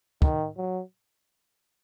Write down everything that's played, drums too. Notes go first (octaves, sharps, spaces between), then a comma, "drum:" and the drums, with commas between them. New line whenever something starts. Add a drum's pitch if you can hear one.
D#3, drum: kick
F#3